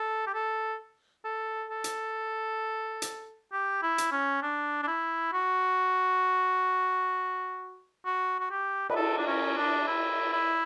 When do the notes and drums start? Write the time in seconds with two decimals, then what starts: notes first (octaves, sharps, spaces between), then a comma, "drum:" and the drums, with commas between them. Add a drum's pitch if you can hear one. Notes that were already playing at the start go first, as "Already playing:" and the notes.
Already playing: A4
0.27 G4
0.34 A4
1.24 A4
1.71 A4
1.84 drum: hi-hat
3.02 drum: hi-hat
3.52 G4
3.83 E4
3.98 drum: hi-hat
4.12 C#4
4.43 D4
4.83 D4
4.87 E4
5.33 F#4
8.06 F#4
8.40 F#4
8.51 G4
8.90 B4, drum: cymbal
8.96 A4
9.19 D4
9.27 C#4
9.57 D4
9.87 E4
10.33 E4